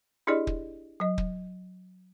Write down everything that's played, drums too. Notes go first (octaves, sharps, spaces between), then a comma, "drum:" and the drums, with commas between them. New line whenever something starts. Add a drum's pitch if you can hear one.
D4 E4 G4 G#4 D5 D#5
drum: kick
F#3 D#5
drum: kick